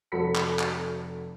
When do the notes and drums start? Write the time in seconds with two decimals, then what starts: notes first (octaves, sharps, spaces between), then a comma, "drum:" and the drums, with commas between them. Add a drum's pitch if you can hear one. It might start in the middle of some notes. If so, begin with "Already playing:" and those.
0.12 F1 F#4 A4 B5 B6 C#7
0.35 drum: clap
0.59 drum: clap